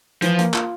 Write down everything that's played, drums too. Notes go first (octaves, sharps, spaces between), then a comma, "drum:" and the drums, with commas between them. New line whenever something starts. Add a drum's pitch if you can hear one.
E3 F3, drum: hi-hat
A#3, drum: hi-hat
F4, drum: clap